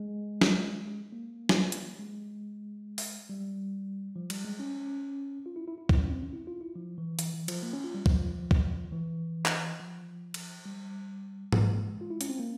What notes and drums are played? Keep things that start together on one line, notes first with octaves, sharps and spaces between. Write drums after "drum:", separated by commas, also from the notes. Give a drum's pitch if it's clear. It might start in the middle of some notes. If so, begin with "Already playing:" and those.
Already playing: G#3
drum: snare
A#3
drum: snare
drum: hi-hat
G#3
drum: open hi-hat
G3
F3
G3, drum: cymbal
G#3
C#4
F4
E4
E4
E4
E4, drum: kick
C#4
C4
C#4
E4
F4
E4
F3
E3
E3, drum: hi-hat
E3
F3, drum: cymbal
A#3
C#4
F4
G3
F3, drum: kick
drum: kick
E3
drum: clap
F3
drum: cymbal
G3
G#3, drum: tom G#2
F4
E4
C#4, drum: hi-hat
C4
A#3